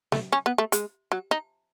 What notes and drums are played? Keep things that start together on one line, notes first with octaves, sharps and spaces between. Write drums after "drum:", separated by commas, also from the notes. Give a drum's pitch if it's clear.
A3, drum: snare
C#4
B3
A3
G#3, drum: hi-hat
F#3
D#4